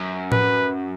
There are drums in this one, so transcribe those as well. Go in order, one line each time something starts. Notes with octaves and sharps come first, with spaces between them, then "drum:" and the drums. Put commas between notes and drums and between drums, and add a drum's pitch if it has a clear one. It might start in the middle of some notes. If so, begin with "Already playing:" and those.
Already playing: F#2
B4, drum: tom A2